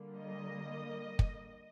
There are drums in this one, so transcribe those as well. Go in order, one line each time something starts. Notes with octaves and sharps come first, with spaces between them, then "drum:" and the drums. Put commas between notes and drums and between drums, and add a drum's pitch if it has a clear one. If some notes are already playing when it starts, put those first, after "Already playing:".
Already playing: D3 G3 A#3
D#5
drum: kick